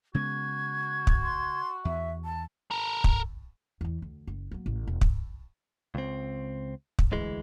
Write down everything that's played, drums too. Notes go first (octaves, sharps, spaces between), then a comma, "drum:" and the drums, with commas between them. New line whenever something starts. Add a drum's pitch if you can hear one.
C#3 G#3 B3 F#4 G#6
drum: kick
C6
E2 E5
A5
A4 A#4
drum: kick
E2 E3
D2
F#1
F#3 A#3
A1 A2
E1
drum: kick
C#2 C4
drum: kick
D2 E3 G#3